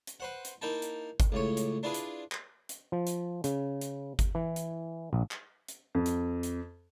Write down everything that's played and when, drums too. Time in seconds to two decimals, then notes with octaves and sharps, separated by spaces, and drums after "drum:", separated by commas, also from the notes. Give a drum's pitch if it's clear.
0.07 drum: hi-hat
0.20 B4 C5 F#5
0.45 drum: hi-hat
0.62 A#3 D#4 E4 G5 A5
0.82 drum: hi-hat
1.20 drum: kick G1, hi-hat
1.32 C#2 A2 C#5
1.57 drum: hi-hat
1.83 D4 E4 F4 G#4 B4
1.94 drum: hi-hat
2.32 drum: clap
2.69 drum: hi-hat
2.92 F3
3.07 drum: hi-hat
3.44 C#3, drum: hi-hat
3.81 drum: hi-hat
4.19 drum: kick G1, hi-hat
4.35 E3
4.56 drum: hi-hat
5.13 A#1
5.31 drum: clap
5.68 drum: hi-hat
5.95 F2
6.06 drum: hi-hat
6.43 drum: hi-hat